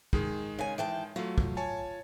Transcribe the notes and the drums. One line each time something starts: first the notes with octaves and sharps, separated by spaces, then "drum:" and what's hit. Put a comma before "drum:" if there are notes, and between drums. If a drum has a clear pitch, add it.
D#3 G#3 G#4, drum: kick
C#3 G#5
E3 G5 A5
F#3 A3 F4
drum: kick
C#5 G#5 A5